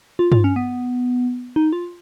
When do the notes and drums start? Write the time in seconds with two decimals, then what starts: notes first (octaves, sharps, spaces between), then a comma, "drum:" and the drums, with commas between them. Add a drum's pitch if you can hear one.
0.19 F4
0.32 F4, drum: tom G2
0.44 C#4
0.56 B3
1.56 D#4
1.73 F4